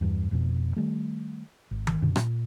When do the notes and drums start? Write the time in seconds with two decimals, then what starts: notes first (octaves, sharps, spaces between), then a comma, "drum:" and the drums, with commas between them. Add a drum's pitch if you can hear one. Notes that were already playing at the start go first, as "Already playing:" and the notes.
0.01 E2 G2
0.31 F1 F2 G#2 B2
0.76 D#3 G3 A3
1.71 G#1
1.87 drum: tom D#3
2.02 F#2 B2 D3
2.16 A#2, drum: rim click